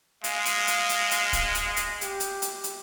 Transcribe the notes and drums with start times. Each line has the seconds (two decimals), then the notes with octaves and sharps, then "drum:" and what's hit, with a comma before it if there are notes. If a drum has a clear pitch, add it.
0.24 G#3 F5, drum: hi-hat
0.46 drum: hi-hat
0.67 drum: hi-hat
0.89 drum: hi-hat
1.11 drum: hi-hat
1.33 drum: kick, hi-hat
1.55 drum: hi-hat
1.76 drum: hi-hat
2.01 G4, drum: hi-hat
2.20 drum: hi-hat
2.42 drum: hi-hat
2.64 drum: hi-hat